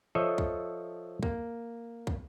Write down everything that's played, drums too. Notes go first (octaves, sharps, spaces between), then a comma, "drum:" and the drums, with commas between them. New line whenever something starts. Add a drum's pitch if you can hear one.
F3 A4 C#5 D#5 E5
drum: kick
A#3, drum: kick
drum: kick